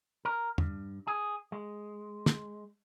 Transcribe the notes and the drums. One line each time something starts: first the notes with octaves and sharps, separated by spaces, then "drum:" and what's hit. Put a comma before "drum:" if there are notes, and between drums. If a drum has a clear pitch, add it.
A#4
G2, drum: tom
G#4
G#3
drum: snare